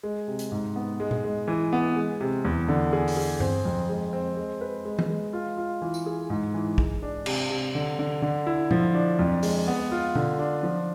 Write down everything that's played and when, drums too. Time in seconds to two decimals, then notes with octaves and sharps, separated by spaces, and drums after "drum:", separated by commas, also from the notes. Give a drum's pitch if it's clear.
0.03 G#3
0.28 C3
0.39 drum: hi-hat
0.52 G#2
0.76 B3
1.00 G#3
1.11 drum: tom A#2
1.24 G#3
1.48 E3
1.73 B3
1.96 G#3
2.21 C3
2.45 E2
2.68 D3
2.93 G#4
3.08 drum: open hi-hat
3.17 G#4
3.40 C4, drum: tom G2
3.65 F2
3.89 G#3
4.13 C4
4.37 G#3
4.61 B4
4.85 G#3
4.99 drum: tom
5.10 G#3
5.33 F4
5.58 F4
5.82 E3
5.94 drum: tambourine
6.06 G#4
6.30 G#2
6.54 E3
6.78 G#3, drum: kick
7.02 D4
7.26 C3, drum: cymbal
7.50 C3
7.75 D3
7.99 D3
8.22 D3
8.47 E4
8.71 F3, drum: tom A#2
8.94 D4
9.19 F2
9.43 G#3, drum: open hi-hat
9.68 B3
9.92 F4
10.15 D3, drum: tom B2
10.39 D4
10.63 F3